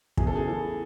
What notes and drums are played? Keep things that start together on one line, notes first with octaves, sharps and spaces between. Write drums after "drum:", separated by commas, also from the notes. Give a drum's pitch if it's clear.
E2 G#4, drum: kick
A4
C#3 G#4
E3 A4